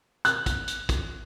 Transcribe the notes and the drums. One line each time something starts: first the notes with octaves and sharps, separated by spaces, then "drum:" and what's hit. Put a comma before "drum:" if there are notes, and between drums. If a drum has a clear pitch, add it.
F#6, drum: hi-hat
drum: kick, hi-hat
drum: hi-hat
drum: kick, hi-hat